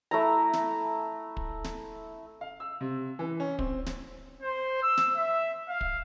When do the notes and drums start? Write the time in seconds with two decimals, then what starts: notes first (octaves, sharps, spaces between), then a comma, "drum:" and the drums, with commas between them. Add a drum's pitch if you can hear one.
0.11 A3 E4 A#5
0.53 drum: snare
1.37 drum: kick
1.64 drum: snare
2.41 F5
2.60 E6
2.81 C3
3.19 E3
3.40 C#4
3.59 C4, drum: kick
3.86 drum: snare
4.42 C5
4.83 E6
4.97 drum: snare
5.17 E5
5.69 F5
5.81 drum: kick